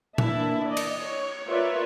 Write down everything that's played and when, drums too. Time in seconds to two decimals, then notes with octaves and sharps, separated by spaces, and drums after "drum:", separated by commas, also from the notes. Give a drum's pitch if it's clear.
0.18 E3 A#3 D4 E4 E5 A5, drum: tom A#2
0.67 D5 D#5
0.77 drum: cymbal
1.02 C#5
1.47 F4 A#4 B4 C#5 D5 E5